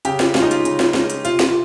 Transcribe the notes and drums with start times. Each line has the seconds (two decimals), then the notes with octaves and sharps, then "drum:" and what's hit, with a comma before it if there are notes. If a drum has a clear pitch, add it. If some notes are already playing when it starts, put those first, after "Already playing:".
0.05 C#3 G4, drum: hi-hat
0.20 drum: snare
0.35 G#3 C#4 F4, drum: snare
0.42 D#4
0.51 F4, drum: hi-hat
0.65 C#3, drum: hi-hat
0.80 drum: snare
0.94 G#3 C#4, drum: snare
1.10 drum: hi-hat
1.25 C3 F4, drum: hi-hat
1.40 drum: snare